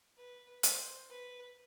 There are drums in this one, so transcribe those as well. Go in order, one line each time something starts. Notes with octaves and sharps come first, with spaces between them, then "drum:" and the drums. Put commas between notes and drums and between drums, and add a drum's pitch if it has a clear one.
B4
C5, drum: hi-hat
B4